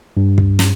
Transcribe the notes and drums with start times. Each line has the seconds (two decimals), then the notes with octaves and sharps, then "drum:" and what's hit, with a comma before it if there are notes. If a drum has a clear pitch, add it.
0.17 G2
0.38 drum: kick
0.59 drum: snare